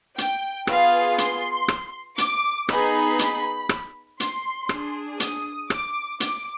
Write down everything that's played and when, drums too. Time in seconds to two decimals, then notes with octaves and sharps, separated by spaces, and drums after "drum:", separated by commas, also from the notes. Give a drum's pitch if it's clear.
0.18 G5, drum: hi-hat
0.67 B3 F4 G#4 F5, drum: rim click
1.18 C6, drum: hi-hat
1.68 drum: rim click
2.18 D6, drum: hi-hat
2.69 B3 D#4 G#4 B5, drum: rim click
3.19 drum: hi-hat
3.69 drum: rim click
4.20 C6, drum: hi-hat
4.69 D4 G#4, drum: rim click
5.20 D#6, drum: hi-hat
5.70 D6, drum: rim click
6.20 D6, drum: hi-hat